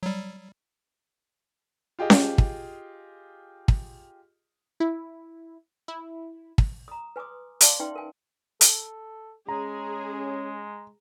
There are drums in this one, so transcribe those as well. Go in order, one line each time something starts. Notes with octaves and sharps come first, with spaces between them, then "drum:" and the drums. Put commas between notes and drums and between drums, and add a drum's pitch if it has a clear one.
F#3 G3
F4 G4 G#4 D#5
drum: snare C#4
drum: kick
drum: kick
E4
E4
drum: kick
A#5 D#6
B4 G#5 C6 D6 D#6
D5 F5 A5 C6 D6, drum: hi-hat
C#4 D#4 B4 E5 G5 C6
A#4 G#5
A4, drum: hi-hat
G#3 C#4 G#4 A#5